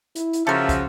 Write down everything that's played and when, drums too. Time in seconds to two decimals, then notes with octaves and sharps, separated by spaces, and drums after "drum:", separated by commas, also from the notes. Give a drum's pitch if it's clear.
0.16 E4, drum: hi-hat
0.33 drum: hi-hat
0.47 C#3 F3 F#4 A4 A#4 E5
0.69 drum: kick, hi-hat